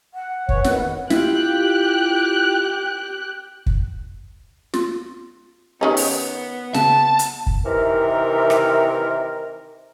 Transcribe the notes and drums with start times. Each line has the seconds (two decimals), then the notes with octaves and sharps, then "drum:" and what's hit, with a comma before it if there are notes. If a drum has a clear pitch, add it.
0.14 F#5
0.49 E3 C#5, drum: kick
0.64 F2 D#3 B3, drum: snare
1.10 E4 F4 G4 G5 F#6, drum: snare
3.66 drum: kick
4.74 F4, drum: snare
5.81 D#3 B3 C#4 D#4 G4
5.97 drum: open hi-hat
6.74 C#3 A5, drum: snare
7.19 drum: hi-hat
7.47 drum: kick
7.64 C3 D#3 E3 A#4
8.50 drum: rim click